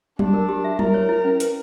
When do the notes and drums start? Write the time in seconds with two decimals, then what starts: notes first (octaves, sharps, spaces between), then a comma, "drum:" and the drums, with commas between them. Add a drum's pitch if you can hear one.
0.19 D4 G4, drum: tom F#3
0.34 A#4
0.49 G4
0.64 E5
0.79 E4 A#4, drum: tom F#3
0.94 C#5
1.09 E4
1.25 C#4
1.40 B4, drum: hi-hat